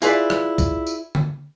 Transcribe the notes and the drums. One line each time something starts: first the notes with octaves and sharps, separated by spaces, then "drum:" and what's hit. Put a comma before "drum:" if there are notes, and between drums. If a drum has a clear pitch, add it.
E4 F4 G#4 B4 D5, drum: tambourine
drum: rim click
drum: kick B1, tambourine
drum: tambourine
drum: tom D3